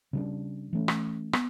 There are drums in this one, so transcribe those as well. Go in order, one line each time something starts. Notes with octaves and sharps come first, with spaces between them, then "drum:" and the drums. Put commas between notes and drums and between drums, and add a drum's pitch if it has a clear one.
C#3 G3 D4
E3 A3 C#4
drum: rim click
B3, drum: rim click